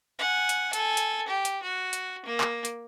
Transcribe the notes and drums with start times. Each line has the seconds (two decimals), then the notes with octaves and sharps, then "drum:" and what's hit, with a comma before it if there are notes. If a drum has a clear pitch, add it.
0.18 F#5 G#5
0.49 drum: hi-hat
0.73 A4 G#5, drum: hi-hat
0.97 drum: hi-hat
1.27 G4
1.45 drum: hi-hat
1.62 F#4
1.93 drum: hi-hat
2.25 A#3
2.41 drum: clap
2.65 drum: hi-hat